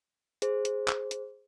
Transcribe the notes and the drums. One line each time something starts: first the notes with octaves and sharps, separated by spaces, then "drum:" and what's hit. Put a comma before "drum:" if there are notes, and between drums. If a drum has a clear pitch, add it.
G#4 C5, drum: hi-hat
drum: hi-hat
drum: clap
drum: hi-hat